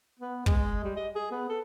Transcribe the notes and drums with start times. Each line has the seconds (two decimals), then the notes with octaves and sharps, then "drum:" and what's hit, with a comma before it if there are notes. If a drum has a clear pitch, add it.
0.19 B3
0.46 G#3, drum: kick
0.84 G3
0.96 D#5
1.15 G#4
1.31 B3
1.49 A4